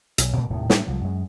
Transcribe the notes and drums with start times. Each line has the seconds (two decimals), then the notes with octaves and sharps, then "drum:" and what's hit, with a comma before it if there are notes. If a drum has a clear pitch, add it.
0.18 B1, drum: hi-hat
0.37 A#2 A3 C4
0.50 D#1 A2 C3 D#3
0.70 A2 G3 D4, drum: snare
0.87 C2 F3 F#3
1.01 F#2 G#3